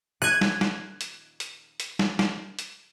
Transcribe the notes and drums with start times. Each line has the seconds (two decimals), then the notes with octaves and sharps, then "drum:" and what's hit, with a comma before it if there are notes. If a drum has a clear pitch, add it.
0.22 F#6 G#6 D#7
0.41 drum: snare
0.61 drum: snare
1.01 drum: hi-hat
1.40 drum: hi-hat
1.80 drum: hi-hat
1.99 drum: snare
2.19 drum: snare
2.59 drum: hi-hat